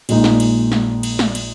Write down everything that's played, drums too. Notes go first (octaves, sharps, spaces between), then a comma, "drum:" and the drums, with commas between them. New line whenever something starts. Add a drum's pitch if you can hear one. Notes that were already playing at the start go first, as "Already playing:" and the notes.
A#1 A#2 G#3 D#4, drum: cymbal
drum: snare
drum: cymbal
drum: snare
drum: cymbal
drum: snare
drum: cymbal